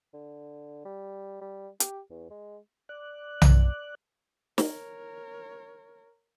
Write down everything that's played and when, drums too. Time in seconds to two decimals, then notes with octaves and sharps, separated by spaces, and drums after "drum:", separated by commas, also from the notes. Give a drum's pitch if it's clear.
0.14 D3
0.85 G3
1.41 G3
1.80 G4, drum: hi-hat
2.10 E2
2.31 G#3
2.89 D5 F#6
3.42 drum: tom B1
4.58 A#4 C#5, drum: snare